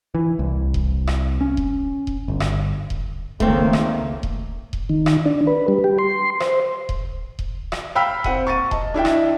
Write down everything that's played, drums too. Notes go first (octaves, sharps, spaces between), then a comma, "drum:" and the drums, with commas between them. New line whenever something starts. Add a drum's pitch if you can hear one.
E3
C2
drum: kick D#1
drum: rim click
C#4
drum: kick D#1
drum: kick D#1
G1
drum: rim click
drum: kick D#1
C#2 D#3 A3 A#3 C4, drum: kick D#1
drum: rim click
drum: kick D#1
drum: kick D#1
D#3
drum: rim click
D4
B4
G3
G4
C6
C5, drum: rim click
drum: kick D#1
drum: kick D#1
drum: rim click
F5 G5 B5 E6 F6 B6
C4 F#5 D#7, drum: kick D#1
C#6 A6 D#7
D#5 A5, drum: kick D#1
D4 E4 E5 G5
drum: rim click